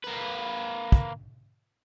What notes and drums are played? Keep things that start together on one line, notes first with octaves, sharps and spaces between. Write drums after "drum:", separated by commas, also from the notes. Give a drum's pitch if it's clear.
A#3 B4
drum: kick